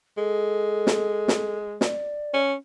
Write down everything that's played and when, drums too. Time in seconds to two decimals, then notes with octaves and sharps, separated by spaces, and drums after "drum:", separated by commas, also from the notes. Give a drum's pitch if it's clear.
0.17 G#3 A4
0.87 drum: snare
1.28 drum: snare
1.81 D5, drum: snare
2.34 C#4